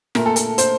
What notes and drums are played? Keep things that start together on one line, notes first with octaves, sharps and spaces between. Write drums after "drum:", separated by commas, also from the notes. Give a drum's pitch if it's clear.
A#2 A3 A#4, drum: snare
A4
A4, drum: hi-hat
C5, drum: hi-hat